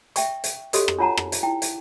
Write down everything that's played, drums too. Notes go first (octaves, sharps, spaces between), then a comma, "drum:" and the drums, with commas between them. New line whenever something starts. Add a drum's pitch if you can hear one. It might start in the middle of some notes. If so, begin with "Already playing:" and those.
E5 G5 C#6, drum: hi-hat
drum: hi-hat
F#4 G4 A4 C5 C#5 D#5, drum: hi-hat
drum: rim click
D4 F4 C#5 F#5 A5 A#5
drum: rim click
drum: hi-hat
D#4 E4 G5
drum: hi-hat